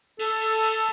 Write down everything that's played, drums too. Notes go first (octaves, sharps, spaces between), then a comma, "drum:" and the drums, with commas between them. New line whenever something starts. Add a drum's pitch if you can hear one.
A4, drum: cymbal
drum: cymbal
drum: cymbal